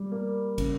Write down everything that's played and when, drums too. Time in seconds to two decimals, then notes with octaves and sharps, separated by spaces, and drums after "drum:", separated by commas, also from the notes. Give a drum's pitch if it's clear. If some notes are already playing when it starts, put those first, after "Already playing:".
Already playing: G3
0.12 A#3
0.58 C#3, drum: kick, cymbal